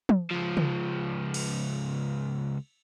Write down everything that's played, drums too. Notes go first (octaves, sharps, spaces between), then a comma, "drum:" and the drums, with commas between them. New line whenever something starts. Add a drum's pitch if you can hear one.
drum: tom
C#2 F3
drum: tom
drum: cymbal